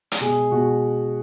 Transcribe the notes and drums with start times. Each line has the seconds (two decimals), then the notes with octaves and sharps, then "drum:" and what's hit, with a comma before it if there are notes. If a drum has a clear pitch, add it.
0.12 drum: hi-hat
0.21 B2 G#3 G#4
0.51 B2 G#3 F#4